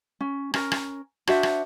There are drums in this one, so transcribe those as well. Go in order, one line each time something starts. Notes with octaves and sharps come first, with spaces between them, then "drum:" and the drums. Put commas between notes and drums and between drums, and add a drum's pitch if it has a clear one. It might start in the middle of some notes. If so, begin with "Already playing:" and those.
C#4
C#4 A#4, drum: rim click
drum: rim click
D4 F#4 C5 E5, drum: rim click
drum: rim click